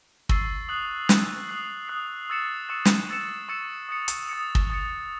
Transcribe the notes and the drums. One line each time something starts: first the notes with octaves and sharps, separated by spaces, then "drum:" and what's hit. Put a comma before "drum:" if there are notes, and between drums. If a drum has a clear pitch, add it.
C#6 E6 A6 C7, drum: kick
D#6 F#6 C7 F#7
D#6 F#6 C7 F#7, drum: snare
D#6 F#6 C7 F#7
D#6 F#6 C7 F#7
C#6 E6 A6 C#7 E7
C#6 E6 A6 C#7 E7
drum: snare
C#6 E6 A6 C#7 E7
C#6 E6 A6 C#7 E7
D#6 A6 C#7
drum: hi-hat
D#6 A6 C#7
drum: kick
D#6 A6 C#7